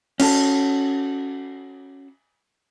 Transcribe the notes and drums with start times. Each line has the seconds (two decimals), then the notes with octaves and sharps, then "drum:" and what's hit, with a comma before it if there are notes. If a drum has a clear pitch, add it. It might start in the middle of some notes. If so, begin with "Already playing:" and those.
0.20 C#4 F#4 A4, drum: cymbal